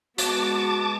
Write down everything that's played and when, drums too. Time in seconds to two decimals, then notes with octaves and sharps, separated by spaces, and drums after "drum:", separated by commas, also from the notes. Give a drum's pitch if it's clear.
0.18 G#3 B3 F#4 A5 D6, drum: hi-hat